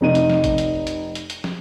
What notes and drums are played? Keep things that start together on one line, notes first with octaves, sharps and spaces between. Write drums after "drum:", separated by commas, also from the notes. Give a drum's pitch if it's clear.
F1 D#4 D#7
drum: hi-hat
drum: snare
drum: kick G#1, hi-hat
drum: hi-hat
drum: hi-hat
drum: hi-hat
drum: hi-hat
drum: snare